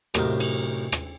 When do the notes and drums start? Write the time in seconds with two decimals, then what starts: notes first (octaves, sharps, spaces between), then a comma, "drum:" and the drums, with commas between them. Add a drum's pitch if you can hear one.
0.14 F#2 A2 C3 D#4 F5, drum: rim click
0.40 drum: cymbal
0.92 drum: rim click